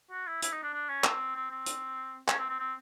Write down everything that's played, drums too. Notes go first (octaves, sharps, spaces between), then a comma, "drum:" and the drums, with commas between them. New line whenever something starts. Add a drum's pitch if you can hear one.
F#4
E4
E4, drum: hi-hat
D#4
D4
D4
C#4
C4, drum: clap
C4
C4
drum: hi-hat
C#4, drum: clap
C4
C4
C4